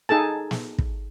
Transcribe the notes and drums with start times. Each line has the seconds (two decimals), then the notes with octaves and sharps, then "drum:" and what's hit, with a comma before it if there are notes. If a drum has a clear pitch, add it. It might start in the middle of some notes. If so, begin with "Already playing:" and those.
0.09 D#4 G#4 A4 A5
0.51 drum: snare
0.79 drum: kick